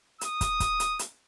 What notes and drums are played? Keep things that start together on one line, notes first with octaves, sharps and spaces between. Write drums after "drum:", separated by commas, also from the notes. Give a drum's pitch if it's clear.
D#6, drum: hi-hat
drum: kick, hi-hat
drum: kick, hi-hat
drum: hi-hat
drum: hi-hat